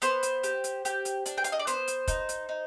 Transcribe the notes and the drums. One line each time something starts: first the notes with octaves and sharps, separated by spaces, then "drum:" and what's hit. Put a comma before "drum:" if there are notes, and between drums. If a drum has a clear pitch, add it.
B3 C5, drum: hi-hat
drum: hi-hat
G4, drum: hi-hat
drum: hi-hat
G4, drum: hi-hat
drum: hi-hat
D4, drum: hi-hat
G5
F5, drum: hi-hat
D#5
D5
B3 C5, drum: hi-hat
drum: hi-hat
D#4, drum: kick, hi-hat
drum: hi-hat
D#4